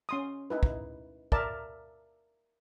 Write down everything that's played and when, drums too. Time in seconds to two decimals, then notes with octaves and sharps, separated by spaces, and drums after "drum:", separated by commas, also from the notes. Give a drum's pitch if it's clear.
0.09 C#4 C6 D#6
0.50 D#4 E4 B4
0.63 drum: kick
1.32 A#4 D5 E5 A5, drum: kick